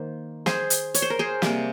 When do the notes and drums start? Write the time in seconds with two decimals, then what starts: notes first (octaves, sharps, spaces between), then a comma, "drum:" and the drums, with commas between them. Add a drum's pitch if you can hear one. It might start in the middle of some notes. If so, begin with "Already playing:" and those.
Already playing: D#3 A#3 C5
0.46 G#4 C5, drum: snare
0.70 drum: hi-hat
0.94 C#5, drum: hi-hat
1.02 C5
1.10 A#4
1.19 G#4 C5
1.42 C3 G3 A#3, drum: snare